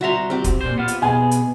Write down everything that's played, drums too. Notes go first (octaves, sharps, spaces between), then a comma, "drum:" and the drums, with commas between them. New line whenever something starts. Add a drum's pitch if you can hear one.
C2 F#4 E5 A#5 C6
C4 G4
drum: kick, hi-hat
A#2 C5
B3 F4
drum: hi-hat
B2 B3 G#4 G#5
drum: hi-hat